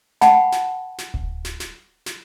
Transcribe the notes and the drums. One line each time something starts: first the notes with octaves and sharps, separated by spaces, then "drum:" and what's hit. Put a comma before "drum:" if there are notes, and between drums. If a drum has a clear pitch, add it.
F#5 G5 A5 B5, drum: snare
drum: snare
drum: snare
drum: kick D1
drum: snare
drum: snare
drum: snare